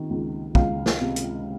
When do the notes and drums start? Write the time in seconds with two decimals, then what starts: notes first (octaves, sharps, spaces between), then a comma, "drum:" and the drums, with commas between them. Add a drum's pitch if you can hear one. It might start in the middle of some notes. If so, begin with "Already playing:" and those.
Already playing: C3 D#3
0.10 C#2
0.55 C#2 F5, drum: kick
0.86 drum: snare
1.00 C3
1.16 drum: hi-hat